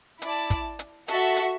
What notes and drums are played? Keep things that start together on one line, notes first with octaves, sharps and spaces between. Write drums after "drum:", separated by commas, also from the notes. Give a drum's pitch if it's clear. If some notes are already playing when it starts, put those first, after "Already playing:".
E4 D5 A5, drum: hi-hat
drum: kick, hi-hat
drum: hi-hat
F#4 A4 E5 A5, drum: hi-hat
drum: hi-hat